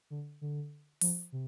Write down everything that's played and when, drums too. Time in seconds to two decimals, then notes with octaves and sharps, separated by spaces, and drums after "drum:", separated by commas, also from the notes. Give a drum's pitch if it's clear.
0.10 D3
0.41 D3
1.01 F3, drum: open hi-hat
1.32 C3